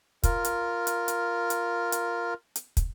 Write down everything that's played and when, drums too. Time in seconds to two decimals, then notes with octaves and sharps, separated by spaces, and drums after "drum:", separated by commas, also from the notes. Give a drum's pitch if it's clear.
0.23 F4 A#4, drum: kick, hi-hat
0.45 drum: hi-hat
0.87 drum: hi-hat
1.08 drum: hi-hat
1.50 drum: hi-hat
1.92 drum: hi-hat
2.56 drum: hi-hat
2.77 drum: kick, hi-hat